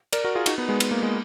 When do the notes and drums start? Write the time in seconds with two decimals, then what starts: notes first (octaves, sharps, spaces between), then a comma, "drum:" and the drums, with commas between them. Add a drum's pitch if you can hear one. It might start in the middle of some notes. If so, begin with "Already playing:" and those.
0.13 A#4 D5, drum: cymbal
0.24 F#4 A#4
0.35 F4 G#4
0.46 D#4 F#4, drum: cymbal
0.58 B3 D#4
0.69 G#3 B3
0.80 G#3, drum: cymbal
0.91 A#3
1.03 G#3